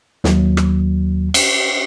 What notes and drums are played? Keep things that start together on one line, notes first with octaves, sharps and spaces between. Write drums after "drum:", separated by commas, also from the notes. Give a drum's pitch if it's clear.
D#2 F#3, drum: snare
drum: rim click
drum: cymbal